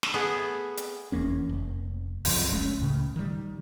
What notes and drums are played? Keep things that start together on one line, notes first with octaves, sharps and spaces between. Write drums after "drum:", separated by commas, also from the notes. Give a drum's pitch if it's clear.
drum: snare
A3 B3 G#4
drum: hi-hat
F1 E2 A#3 C#4
F1
C2 F#2 C3 F3, drum: open hi-hat
F1 G#3 A3 C#4
C#2 A2 C#3
D#3 G3